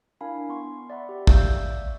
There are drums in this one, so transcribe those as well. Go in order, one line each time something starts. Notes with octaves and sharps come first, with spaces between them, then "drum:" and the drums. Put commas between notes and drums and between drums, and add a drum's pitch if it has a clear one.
D4 E4 A#4 F5 G#5 B5
B3 C6 C#6
D5 E5 F#5 B5
G4
D5 E5 F5 C#6 E6 G6, drum: kick